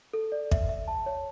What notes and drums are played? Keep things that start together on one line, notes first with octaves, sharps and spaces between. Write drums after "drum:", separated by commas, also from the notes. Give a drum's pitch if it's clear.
A4
D5
E5, drum: kick
E5
A5
C#5